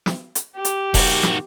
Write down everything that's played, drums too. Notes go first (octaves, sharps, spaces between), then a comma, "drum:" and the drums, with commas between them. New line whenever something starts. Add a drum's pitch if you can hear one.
drum: snare
drum: hi-hat
G4
drum: hi-hat
D#3 F#4, drum: kick E1, open hi-hat
drum: snare